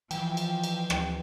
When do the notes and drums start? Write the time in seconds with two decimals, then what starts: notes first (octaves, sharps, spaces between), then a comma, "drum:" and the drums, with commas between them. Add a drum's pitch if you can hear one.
0.11 E3 F3 G5, drum: cymbal
0.37 drum: cymbal
0.64 drum: cymbal
0.90 drum: rim click